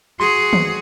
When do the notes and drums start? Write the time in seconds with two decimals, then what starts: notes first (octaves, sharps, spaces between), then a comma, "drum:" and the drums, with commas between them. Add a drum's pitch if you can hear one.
0.20 F#4 G#4 C6
0.53 drum: tom